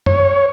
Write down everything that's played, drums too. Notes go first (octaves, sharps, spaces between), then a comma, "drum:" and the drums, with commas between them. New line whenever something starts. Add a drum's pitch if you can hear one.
C#5, drum: tom F#2